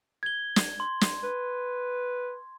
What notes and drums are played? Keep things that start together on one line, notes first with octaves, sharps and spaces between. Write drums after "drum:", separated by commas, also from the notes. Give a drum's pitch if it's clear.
G#6 G7
drum: snare
C6
drum: snare
B4